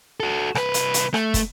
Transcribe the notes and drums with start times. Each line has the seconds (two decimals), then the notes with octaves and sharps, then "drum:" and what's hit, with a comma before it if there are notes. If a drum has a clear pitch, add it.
0.20 F#4 A4
0.55 C2 B4, drum: rim click
0.74 drum: hi-hat
0.94 drum: hi-hat
1.14 A3, drum: rim click
1.34 drum: kick, hi-hat